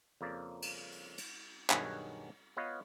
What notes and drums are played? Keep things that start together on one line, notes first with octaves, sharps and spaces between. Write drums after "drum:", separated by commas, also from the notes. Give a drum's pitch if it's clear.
F2 C#3 A#3 D5
drum: cymbal
drum: open hi-hat
drum: cymbal
B1 G2 D#3 F#4 G#4 C#5, drum: clap
B3 F4 B4 C#5 D#5 F5